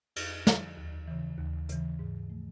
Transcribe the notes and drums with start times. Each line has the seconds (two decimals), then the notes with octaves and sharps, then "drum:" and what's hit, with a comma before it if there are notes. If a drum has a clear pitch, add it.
0.16 F2, drum: cymbal
0.47 D3 F3, drum: snare
0.77 D#2
1.08 C#3 E3
1.38 D#2
1.69 C#3 E3, drum: hi-hat
1.99 G#2
2.30 F3 A3